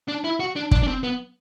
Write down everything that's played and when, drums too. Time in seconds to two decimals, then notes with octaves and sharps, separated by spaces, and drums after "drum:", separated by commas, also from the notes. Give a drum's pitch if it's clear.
0.09 D4
0.24 E4
0.40 F#4
0.56 D4
0.71 D4, drum: kick
0.83 D4
0.87 C4
1.03 B3